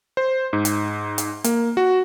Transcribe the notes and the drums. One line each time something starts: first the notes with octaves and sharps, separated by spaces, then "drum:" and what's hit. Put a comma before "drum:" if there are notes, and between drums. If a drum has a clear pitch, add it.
C5
G#2
drum: hi-hat
drum: hi-hat
A#3, drum: hi-hat
F#4